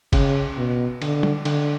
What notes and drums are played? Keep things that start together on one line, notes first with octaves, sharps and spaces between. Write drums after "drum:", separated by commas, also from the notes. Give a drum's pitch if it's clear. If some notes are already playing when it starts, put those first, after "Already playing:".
C#3, drum: kick, cymbal
B2
D3, drum: cymbal
drum: tom
D3, drum: cymbal